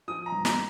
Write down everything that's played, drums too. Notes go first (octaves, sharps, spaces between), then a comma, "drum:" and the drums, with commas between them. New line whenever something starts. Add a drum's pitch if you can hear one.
F3 D#6
A#5
G2
A#5, drum: snare